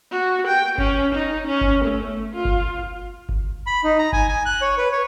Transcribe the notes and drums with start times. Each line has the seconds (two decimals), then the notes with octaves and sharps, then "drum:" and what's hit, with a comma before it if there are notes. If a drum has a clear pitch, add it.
0.11 F#4
0.47 G5
0.78 C#4, drum: kick G1
1.14 D#4
1.47 C#4
1.61 drum: kick G1
1.84 A3
2.35 F4
2.45 drum: kick G1
3.29 drum: kick G1
3.67 B5
3.84 D#4
3.99 A#5
4.13 G#5, drum: kick G1
4.28 G#5
4.46 F#6
4.61 C#5
4.78 B4
4.92 C#5